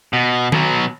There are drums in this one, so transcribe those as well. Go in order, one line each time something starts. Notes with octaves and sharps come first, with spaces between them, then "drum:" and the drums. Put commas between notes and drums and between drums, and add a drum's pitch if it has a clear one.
B2
B2 F#3, drum: tom D#3